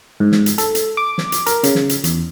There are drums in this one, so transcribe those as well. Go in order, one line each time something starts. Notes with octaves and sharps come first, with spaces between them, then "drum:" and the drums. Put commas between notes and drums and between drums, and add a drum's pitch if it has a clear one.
G#2
drum: snare
drum: hi-hat
A4, drum: hi-hat
drum: hi-hat
D6
drum: snare
drum: hi-hat
A#4, drum: hi-hat
C#3, drum: hi-hat
drum: snare
drum: hi-hat
E2, drum: hi-hat